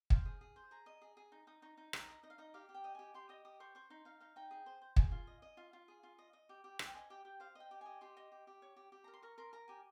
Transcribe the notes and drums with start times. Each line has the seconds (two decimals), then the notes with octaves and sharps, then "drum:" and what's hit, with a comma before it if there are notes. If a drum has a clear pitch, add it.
0.10 C5 F5, drum: kick
0.26 G#4
0.41 G#4
0.56 C5
0.71 G#4 A#5
0.86 D#5
1.02 G#4
1.17 G#4
1.32 D#4
1.47 D#4 D#6
1.62 D#4 C#6
1.77 D#4
1.93 D#4 A#5, drum: rim click
2.08 D#5
2.23 D#4 D#5
2.30 F5
2.38 D#4 D#5
2.54 G4 F5
2.69 G4
2.74 G5
2.84 D#5
2.95 G4 G#5
3.14 G4 C6
3.29 D#5 D#6
3.45 G4 D#6
3.60 C5 C#6
3.75 C5 C#6
3.90 D#4 C6
4.05 D#4 F5
4.20 D#4 F5
4.36 D#4 G5
4.51 G#4
4.66 C5
4.82 C5
4.96 G#4 G#5, drum: kick
5.11 F4
5.27 D#5
5.42 D#5
5.57 F4
5.73 F4
5.88 G#4
6.03 F4
6.18 D#5
6.33 D#5
6.49 G4
6.64 G4
6.79 C5 G#5, drum: rim click
6.87 G5
6.94 D#5 G#5
7.10 G4 G5
7.25 G4 G5
7.40 C5 F5
7.55 D#5 G5
7.71 G4
7.81 D#5 G#5
8.01 G4 C6
8.17 D#5
8.32 G4
8.47 G4
8.62 C#5
8.76 G4
8.92 G4
9.04 A#4 A#5
9.14 C6
9.22 A#4 C#6
9.38 A#4 C6
9.53 A#4 A#5
9.68 G4 G#5